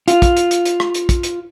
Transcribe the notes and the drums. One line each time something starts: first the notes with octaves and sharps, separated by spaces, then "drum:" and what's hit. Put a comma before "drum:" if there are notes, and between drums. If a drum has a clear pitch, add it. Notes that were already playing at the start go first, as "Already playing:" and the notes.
F4, drum: hi-hat
drum: kick, hi-hat
drum: hi-hat
drum: hi-hat
drum: hi-hat
drum: rim click
drum: hi-hat
drum: kick, hi-hat
drum: hi-hat